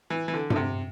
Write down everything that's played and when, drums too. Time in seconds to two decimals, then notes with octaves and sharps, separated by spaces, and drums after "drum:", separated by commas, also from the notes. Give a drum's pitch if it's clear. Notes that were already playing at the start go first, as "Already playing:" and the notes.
0.10 E3
0.28 E3
0.34 D3
0.50 D3, drum: tom G2
0.56 C3